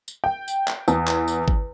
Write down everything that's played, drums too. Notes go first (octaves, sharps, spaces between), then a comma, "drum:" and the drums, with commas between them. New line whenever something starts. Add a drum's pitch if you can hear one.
drum: tambourine
G5
drum: tambourine
drum: clap
E2, drum: tambourine
drum: clap
drum: tambourine
drum: kick G#1